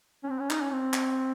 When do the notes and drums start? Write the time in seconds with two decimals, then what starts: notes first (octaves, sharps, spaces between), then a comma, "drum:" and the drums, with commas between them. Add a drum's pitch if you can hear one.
0.24 C#4
0.29 C4
0.39 C#4
0.50 D#4, drum: clap
0.61 C#4
0.72 C4
0.93 drum: clap